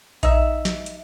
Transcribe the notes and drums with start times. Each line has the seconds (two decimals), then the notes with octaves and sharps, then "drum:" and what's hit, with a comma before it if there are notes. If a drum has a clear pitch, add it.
0.23 D#4 E5, drum: kick A#1, hi-hat
0.65 drum: snare
0.86 drum: hi-hat